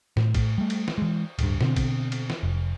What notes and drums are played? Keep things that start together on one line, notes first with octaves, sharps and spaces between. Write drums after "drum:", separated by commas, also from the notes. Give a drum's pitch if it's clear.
A2, drum: snare
drum: kick, cymbal
G3 A3
drum: cymbal
drum: snare
E3 G#3
D1 G2, drum: cymbal
B2 D3 C4, drum: snare
drum: kick, cymbal
drum: cymbal
drum: snare
F1